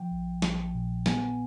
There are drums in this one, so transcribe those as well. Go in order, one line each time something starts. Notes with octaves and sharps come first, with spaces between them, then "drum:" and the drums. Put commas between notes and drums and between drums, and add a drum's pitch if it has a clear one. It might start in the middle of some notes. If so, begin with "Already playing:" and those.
Already playing: F3 G5
A#1
A#1, drum: snare
A#2
B3 G#5, drum: snare